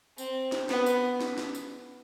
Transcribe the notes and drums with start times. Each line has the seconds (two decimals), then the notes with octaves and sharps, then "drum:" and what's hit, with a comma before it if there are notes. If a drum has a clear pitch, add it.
0.18 C4, drum: tambourine
0.52 drum: snare
0.69 B3, drum: snare
0.86 drum: tambourine
1.21 drum: snare
1.38 drum: snare
1.55 drum: tambourine